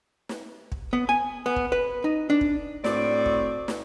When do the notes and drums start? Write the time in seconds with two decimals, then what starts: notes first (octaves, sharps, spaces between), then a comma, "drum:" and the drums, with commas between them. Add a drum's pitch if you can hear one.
0.29 drum: snare
0.72 drum: kick
0.93 B3
1.09 G#5
1.46 B3
1.56 drum: kick
1.72 B4
2.04 D#4
2.30 D4
2.41 drum: kick
2.84 A2 C4 F#4 D5, drum: snare
3.26 drum: kick
3.68 drum: snare